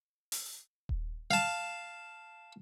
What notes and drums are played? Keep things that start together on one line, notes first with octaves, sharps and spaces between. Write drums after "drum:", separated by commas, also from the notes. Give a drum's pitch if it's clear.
drum: open hi-hat
drum: kick D#1
F5 A5